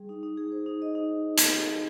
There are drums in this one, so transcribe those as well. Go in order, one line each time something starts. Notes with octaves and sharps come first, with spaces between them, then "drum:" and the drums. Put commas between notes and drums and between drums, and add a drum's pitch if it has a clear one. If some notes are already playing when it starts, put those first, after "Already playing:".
Already playing: G3 G#4
D#4
D#4
G#4
C5
D#4
D#5
D#4
drum: hi-hat